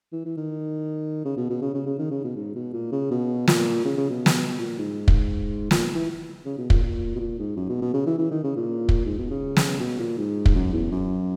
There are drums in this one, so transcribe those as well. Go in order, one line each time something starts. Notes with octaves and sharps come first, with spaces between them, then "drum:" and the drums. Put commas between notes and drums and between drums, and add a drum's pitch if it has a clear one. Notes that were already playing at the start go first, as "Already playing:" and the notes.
E3
E3
D#3
C#3
B2
B2
C#3
C#3
C#3
D#3
C#3
B2
G#2
B2
A#2
C#3
B2
A#2, drum: snare
C#3
C#3
B2
drum: snare
A#2
G#2
drum: kick
A#2, drum: snare
E3
C#3
B2
A#2, drum: kick
A#2
B2
A#2
G#2
F#2
B2
B2
C#3
E3
E3
D#3
C#3
A#2
drum: kick
G#2
B2
C#3
drum: snare
B2
A#2
G#2
drum: kick
F#2
E2
F#2